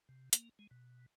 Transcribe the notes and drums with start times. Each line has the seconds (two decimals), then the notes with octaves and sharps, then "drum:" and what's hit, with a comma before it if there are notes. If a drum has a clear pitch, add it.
0.09 C3
0.33 A#3, drum: hi-hat
0.59 G#3
0.71 B2